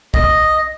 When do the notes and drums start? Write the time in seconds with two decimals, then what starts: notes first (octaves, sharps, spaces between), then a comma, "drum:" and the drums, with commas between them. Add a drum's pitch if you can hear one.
0.14 D#5, drum: kick